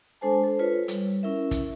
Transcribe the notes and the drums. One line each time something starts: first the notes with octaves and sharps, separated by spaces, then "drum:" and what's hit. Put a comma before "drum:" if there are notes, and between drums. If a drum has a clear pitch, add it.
G#3 D4 A4 C5 G#5 A5
A4 C5
F4 B4 C#5
G3, drum: hi-hat
C#4 E4 A#4 E5
drum: kick, hi-hat